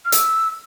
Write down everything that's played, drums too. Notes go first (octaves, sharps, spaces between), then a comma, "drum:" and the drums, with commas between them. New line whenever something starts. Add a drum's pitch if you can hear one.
F6
E6, drum: hi-hat